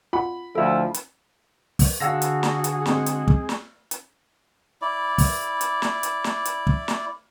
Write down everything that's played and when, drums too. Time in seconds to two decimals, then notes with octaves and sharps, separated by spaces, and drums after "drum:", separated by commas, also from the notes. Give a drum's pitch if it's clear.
0.13 F4 F#5 B5
0.55 D2 F3 E4 A4 E5
0.94 drum: hi-hat
1.79 drum: kick, open hi-hat
2.00 D3 F#4 G#4 F5 E6 A#6
2.22 drum: hi-hat
2.43 drum: snare
2.64 drum: hi-hat
2.86 G#3 C4, drum: snare
3.06 drum: hi-hat
3.28 drum: kick
3.49 drum: snare
3.91 drum: hi-hat
4.82 E4 D5
5.18 drum: kick, open hi-hat
5.61 drum: hi-hat
5.82 drum: snare
6.03 drum: hi-hat
6.24 drum: snare
6.45 drum: hi-hat
6.67 drum: kick
6.88 drum: snare